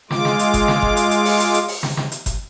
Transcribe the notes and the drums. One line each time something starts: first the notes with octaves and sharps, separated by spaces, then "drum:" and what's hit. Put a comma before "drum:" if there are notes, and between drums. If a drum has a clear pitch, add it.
G#3 F4 D6, drum: snare
drum: snare
drum: hi-hat
drum: kick F#1, hi-hat
drum: snare
drum: kick F#1
drum: hi-hat
drum: hi-hat
drum: open hi-hat
drum: hi-hat
drum: hi-hat
drum: open hi-hat
drum: snare
drum: snare
drum: hi-hat
drum: kick F#1, hi-hat